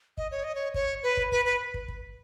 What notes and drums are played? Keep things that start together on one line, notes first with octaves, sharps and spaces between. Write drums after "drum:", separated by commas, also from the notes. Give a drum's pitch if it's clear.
D#5, drum: kick
C#5
D#5
C#5
C#5, drum: kick
B4
drum: kick
B4, drum: kick
B4
drum: kick
drum: kick